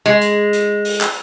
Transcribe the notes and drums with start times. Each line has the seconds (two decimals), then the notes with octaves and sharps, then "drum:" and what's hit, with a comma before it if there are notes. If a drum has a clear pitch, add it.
0.06 G#3
0.21 drum: hi-hat
0.53 drum: hi-hat
0.85 drum: open hi-hat
1.01 drum: clap